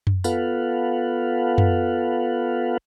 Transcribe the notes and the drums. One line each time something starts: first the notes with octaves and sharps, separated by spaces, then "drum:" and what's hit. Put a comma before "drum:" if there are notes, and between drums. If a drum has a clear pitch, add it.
drum: tom F#2
B3 F4 A4 B4 F5 F#5, drum: tambourine
drum: tom F#2